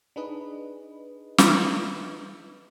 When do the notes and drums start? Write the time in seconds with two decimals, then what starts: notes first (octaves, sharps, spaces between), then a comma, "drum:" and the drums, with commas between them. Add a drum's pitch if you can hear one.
0.16 D4 D#4 G#4 B4 D#5
1.38 drum: snare